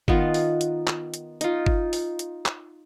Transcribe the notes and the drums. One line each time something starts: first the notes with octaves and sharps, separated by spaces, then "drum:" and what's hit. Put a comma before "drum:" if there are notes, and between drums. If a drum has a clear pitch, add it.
D#3 B3 F4, drum: kick G1
drum: open hi-hat
drum: hi-hat
drum: clap
drum: hi-hat
D#4 F4, drum: hi-hat
drum: kick G1
drum: open hi-hat
drum: hi-hat
drum: clap